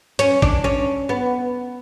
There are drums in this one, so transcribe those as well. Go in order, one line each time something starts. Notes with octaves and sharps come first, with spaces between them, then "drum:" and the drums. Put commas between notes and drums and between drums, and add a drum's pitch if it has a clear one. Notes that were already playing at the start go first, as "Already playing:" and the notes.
C#4, drum: hi-hat
D4, drum: kick A1
C#4
B3